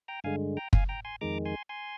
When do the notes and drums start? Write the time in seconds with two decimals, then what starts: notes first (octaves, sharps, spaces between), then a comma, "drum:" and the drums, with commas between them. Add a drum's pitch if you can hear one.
0.08 G5 A#5
0.24 G2 D3 G#3 F5 G#5
0.57 G5 A#5
0.73 F5 G#5, drum: kick
0.89 G5 A#5
1.05 G#5 C6
1.21 F2 D#3 G#3 A#5 D6
1.45 G#5 C6
1.69 G#5 C6